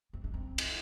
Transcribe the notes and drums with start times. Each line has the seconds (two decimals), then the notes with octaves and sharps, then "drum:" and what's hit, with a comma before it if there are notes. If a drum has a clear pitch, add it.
0.13 C4
0.24 D4
0.34 C4
0.58 drum: cymbal